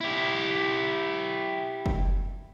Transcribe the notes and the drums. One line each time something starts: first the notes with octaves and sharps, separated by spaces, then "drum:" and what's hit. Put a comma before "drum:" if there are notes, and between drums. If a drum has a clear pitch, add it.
E4 G4
drum: kick F#1